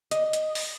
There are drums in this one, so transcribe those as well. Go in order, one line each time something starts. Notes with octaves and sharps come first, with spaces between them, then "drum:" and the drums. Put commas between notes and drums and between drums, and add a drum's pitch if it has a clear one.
D#5, drum: hi-hat
drum: hi-hat
drum: open hi-hat